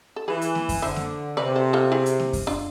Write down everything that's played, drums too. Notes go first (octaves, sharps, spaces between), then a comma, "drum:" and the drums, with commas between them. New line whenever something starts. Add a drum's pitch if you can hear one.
A4
E3 G#4 B4
drum: hi-hat
drum: snare A#3
drum: kick F#2, open hi-hat
D3 C5 E5
drum: snare A#3
C3 B4 D5
A4 C5
F4 A4
E4 G#4
drum: hi-hat
drum: snare A#3
drum: kick F#2, open hi-hat
D4 F4